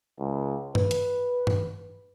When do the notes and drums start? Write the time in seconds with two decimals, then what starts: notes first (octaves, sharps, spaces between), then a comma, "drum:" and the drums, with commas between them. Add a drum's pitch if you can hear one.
0.19 C#2
0.75 B4, drum: tom G2
0.91 drum: hi-hat
1.47 drum: tom G2